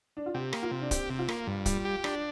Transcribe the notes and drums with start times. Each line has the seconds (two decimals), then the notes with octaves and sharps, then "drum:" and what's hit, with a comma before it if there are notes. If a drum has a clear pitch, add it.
0.17 D4
0.26 F4
0.34 C3 G4
0.53 A#3, drum: rim click
0.63 F4
0.71 C3
0.81 D4
0.91 C4 G4, drum: kick, hi-hat
1.10 C3
1.19 F4
1.29 A#3, drum: rim click
1.47 G2
1.66 G3, drum: kick, hi-hat
1.85 G4
2.04 D4, drum: rim click